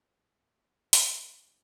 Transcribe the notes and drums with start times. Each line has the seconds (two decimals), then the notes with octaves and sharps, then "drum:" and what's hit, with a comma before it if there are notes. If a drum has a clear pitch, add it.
0.12 E2
0.53 B2 F#3 A3
0.93 E2, drum: hi-hat
1.33 B2 G3 D#4 A4